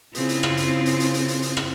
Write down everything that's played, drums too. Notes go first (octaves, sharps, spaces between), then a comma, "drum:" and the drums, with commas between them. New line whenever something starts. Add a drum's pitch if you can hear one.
C#3 C4 E4 F4, drum: hi-hat
drum: hi-hat
drum: rim click
drum: hi-hat
drum: hi-hat
drum: hi-hat
drum: hi-hat
drum: hi-hat
drum: hi-hat
drum: rim click